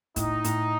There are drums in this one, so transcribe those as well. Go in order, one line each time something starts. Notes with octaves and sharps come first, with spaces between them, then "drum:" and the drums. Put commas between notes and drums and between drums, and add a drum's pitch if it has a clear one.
A2 D#4, drum: kick, hi-hat
A2, drum: hi-hat